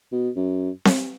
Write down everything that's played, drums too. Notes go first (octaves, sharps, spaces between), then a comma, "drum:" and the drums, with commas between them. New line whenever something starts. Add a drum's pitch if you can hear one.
B2
F#2
drum: snare C4